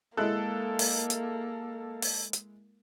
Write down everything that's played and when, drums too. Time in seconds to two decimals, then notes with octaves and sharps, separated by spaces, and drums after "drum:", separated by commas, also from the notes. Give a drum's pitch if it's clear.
0.17 G#3 A#3 E4 A4 F#6
0.79 drum: open hi-hat
1.10 drum: hi-hat
2.02 drum: open hi-hat
2.33 drum: hi-hat